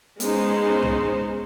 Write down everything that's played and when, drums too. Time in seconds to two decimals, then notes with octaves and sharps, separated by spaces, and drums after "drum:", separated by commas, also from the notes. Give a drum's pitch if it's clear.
0.20 G#3 B3 C#4 D#4 C5, drum: hi-hat
0.82 drum: tom C2